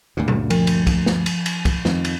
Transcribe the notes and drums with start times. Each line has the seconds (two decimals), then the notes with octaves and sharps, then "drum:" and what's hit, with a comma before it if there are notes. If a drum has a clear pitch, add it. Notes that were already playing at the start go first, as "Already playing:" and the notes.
0.17 D2 G2 A#2
0.28 drum: tom A#2
0.50 F3, drum: cymbal
0.67 drum: cymbal
0.87 drum: kick, cymbal
1.06 drum: snare
1.26 drum: cymbal
1.46 drum: cymbal
1.65 drum: kick, cymbal
1.85 F2 D#3, drum: snare
2.05 drum: cymbal